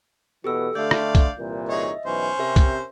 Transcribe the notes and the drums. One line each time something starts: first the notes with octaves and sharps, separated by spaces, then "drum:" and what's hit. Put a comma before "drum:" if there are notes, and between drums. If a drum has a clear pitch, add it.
B2 E3 B3 G4 A4 E6
D3 A3 D5 F5 G6
drum: rim click
drum: kick, hi-hat
C2 A#2 E3
D#4 G#4 C#5 D#5 E5
B1 E3 C#4 C5
C3 G4 A#4 E5
drum: kick, hi-hat